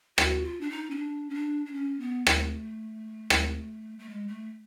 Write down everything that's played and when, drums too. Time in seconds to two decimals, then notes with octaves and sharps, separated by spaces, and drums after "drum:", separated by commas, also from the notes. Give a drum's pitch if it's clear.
0.18 F#4, drum: rim click
0.43 F4
0.61 D4
0.70 D#4
0.91 C#4
0.96 D4
1.30 C#4
1.35 D4
1.66 D4
1.73 C#4
2.00 B3
2.27 A3, drum: rim click
3.30 drum: rim click
3.99 A3
4.09 G#3
4.28 A3